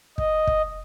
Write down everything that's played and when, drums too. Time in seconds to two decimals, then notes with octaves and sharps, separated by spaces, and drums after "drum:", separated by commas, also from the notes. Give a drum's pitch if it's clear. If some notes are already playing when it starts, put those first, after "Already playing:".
0.18 D#5, drum: kick
0.47 drum: kick